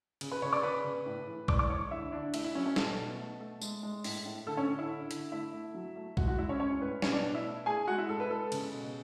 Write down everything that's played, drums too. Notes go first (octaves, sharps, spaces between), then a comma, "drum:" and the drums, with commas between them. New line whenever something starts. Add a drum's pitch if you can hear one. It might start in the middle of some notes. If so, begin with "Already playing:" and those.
C#3, drum: cymbal
B4 B5
C#3 C#5 C#6
D5 D6
C#3 B4 B5
C#3
A2
E3
G#3 D5 D6, drum: kick B1
D5 D6
E3 C#5 C#6
D3 E4 E5
D3 D4 D5
A3 E4 E5, drum: cymbal
E4 E5
F#3 C#4 C#5
C#4 C#5
B2 A4, drum: snare
B2
A3
A3
G#3, drum: tambourine
G#3
A2, drum: open hi-hat
A2
D3 A4
C#4 C#5
D3
E4 E5
D3
D3, drum: hi-hat
A3 E4 E5
A3
F#3
A3
G#3 F#4 F#5, drum: kick B1
F#4 F#5
G#3 E4 E5
C#4 C#5
G#3 C#4 C#5
A2 B4
B2 C#4 C#5, drum: snare
D4 D5
B2
E4 E5
A3
A3 G#4 G#5
G#3 F#4 F#5
E4 E5
G#3 A4
B4
G#3 A4
C#3, drum: cymbal
B2